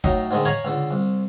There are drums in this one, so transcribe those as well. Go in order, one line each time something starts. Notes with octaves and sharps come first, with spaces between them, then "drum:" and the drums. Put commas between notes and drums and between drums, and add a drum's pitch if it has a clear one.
A2 F#3 D#4, drum: kick G1
G#2 D3 D#3 G#3
C#5 F5 G#5 A#5 B5
C#2 D3
C2